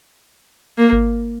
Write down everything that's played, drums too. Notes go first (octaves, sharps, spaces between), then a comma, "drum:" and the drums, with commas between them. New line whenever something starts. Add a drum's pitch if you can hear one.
A#3
drum: kick G#1